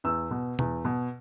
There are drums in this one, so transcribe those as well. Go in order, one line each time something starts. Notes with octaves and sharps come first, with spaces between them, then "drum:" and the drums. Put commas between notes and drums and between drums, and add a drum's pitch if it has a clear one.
E2 E6
B2
E2, drum: tom B2
B2